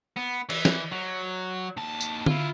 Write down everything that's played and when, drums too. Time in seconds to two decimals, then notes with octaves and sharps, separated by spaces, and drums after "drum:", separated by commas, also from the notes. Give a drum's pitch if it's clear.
0.17 B3
0.50 E3, drum: cymbal
0.65 drum: snare
0.92 F#3
1.77 D#2 A5
2.00 drum: tambourine
2.26 E4 F4, drum: tom D3